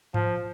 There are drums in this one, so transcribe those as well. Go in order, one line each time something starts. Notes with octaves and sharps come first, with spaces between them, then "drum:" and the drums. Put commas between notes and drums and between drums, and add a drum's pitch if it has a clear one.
F3, drum: tom G#2